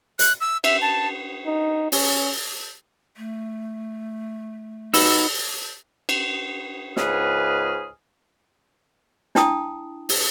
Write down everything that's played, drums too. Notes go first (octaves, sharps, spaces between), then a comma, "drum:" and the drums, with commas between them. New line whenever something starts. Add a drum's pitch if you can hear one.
F#6, drum: hi-hat
E6
E5, drum: cymbal
A5
D#4
C#4, drum: open hi-hat
A3
D#4 F#4 B4 E6, drum: open hi-hat
drum: cymbal
C#2 G#2 G#4 B4 F6, drum: snare
D4 E4 G5 A5 D#6, drum: snare
drum: open hi-hat